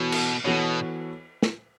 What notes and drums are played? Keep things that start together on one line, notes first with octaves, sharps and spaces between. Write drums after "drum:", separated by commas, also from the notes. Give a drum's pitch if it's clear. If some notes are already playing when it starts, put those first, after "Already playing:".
Already playing: B2 E3 B3 F#4 A4 C#5
drum: cymbal
B2 E3 B3 F#4 A4 C#5
drum: snare